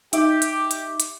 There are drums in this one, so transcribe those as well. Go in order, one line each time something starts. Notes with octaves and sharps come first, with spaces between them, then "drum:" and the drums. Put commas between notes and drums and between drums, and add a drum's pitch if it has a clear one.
D#4 G4 E5 D6, drum: hi-hat
drum: hi-hat
drum: hi-hat
drum: hi-hat